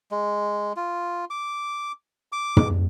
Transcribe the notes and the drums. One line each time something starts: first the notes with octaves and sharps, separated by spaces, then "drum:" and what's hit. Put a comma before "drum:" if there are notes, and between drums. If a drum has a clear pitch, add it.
G#3
F4
D6
D6
drum: tom